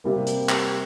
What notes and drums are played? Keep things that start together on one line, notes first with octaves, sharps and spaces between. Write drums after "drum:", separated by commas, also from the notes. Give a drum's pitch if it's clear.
C3 G3 A#3
drum: hi-hat
drum: clap